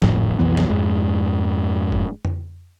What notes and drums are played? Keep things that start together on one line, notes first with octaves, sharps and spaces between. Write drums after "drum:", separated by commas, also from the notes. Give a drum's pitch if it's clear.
D1 G#1 F2 A2, drum: snare
B1 F2 E3 B3
drum: snare
F2 G#2 G#3
drum: kick F1
drum: tom F2